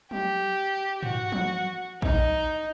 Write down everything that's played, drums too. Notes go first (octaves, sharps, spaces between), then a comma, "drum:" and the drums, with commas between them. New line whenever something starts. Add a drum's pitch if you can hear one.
G4, drum: tom
F#4, drum: tom
drum: tom
D#4, drum: kick